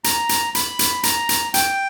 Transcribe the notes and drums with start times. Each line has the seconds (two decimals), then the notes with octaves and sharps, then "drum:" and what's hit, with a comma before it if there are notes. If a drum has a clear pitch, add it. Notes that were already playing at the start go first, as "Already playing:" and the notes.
0.04 A#5, drum: hi-hat
0.29 drum: hi-hat
0.55 B5, drum: hi-hat
0.79 drum: hi-hat
1.03 A#5, drum: hi-hat
1.29 drum: hi-hat
1.54 G5, drum: hi-hat